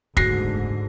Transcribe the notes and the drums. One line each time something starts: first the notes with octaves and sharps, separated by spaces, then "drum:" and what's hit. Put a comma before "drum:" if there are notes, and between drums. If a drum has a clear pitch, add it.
F#1 D2 G#2 B2 D3 F#4 A#6 C7, drum: kick